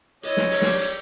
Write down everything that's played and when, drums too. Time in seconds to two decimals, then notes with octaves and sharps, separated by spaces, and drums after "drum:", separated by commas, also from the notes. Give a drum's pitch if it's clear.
0.23 E4 C#5 D#5, drum: hi-hat
0.37 drum: snare
0.51 drum: open hi-hat
0.62 G4 D5, drum: snare
0.78 drum: hi-hat